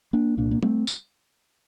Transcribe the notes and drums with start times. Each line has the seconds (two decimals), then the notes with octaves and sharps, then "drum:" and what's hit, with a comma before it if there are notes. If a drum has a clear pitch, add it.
0.13 A#3 D4
0.37 C2 A#2 A#3 D4
0.51 A#3
0.63 A3 C4, drum: tom
0.87 drum: tambourine